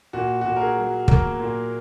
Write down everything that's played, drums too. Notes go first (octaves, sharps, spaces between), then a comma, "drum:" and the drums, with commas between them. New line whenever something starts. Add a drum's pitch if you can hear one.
A#2 F#4
A#2 F#4
A#4
G#4
F#3
F#3 A#3 A#4, drum: kick
A#2